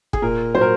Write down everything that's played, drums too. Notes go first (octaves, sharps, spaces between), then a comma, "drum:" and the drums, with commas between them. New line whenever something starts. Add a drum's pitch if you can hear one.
G#4, drum: kick F1
A#2 A#4
F#3 C5
A#4